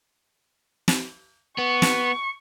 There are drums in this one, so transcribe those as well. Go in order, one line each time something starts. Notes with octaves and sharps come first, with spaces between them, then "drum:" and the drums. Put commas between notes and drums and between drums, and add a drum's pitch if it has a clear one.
drum: snare
B3 C#6
drum: snare